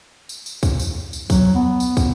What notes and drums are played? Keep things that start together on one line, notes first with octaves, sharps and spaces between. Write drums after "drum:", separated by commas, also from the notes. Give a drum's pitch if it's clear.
drum: tambourine
drum: tambourine
drum: kick, tambourine
drum: tambourine
drum: tambourine
F#3, drum: kick, tambourine
B3
drum: tambourine
drum: kick, tambourine